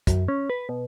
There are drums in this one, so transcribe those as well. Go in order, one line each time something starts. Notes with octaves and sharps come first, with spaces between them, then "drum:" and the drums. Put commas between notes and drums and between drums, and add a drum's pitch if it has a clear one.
F#2, drum: kick, hi-hat
C#4
B4
B2